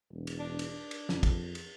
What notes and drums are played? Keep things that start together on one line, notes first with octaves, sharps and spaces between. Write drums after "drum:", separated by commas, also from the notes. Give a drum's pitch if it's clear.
E1
drum: cymbal
D4
drum: cymbal
drum: cymbal
F2, drum: snare
drum: kick, cymbal
drum: cymbal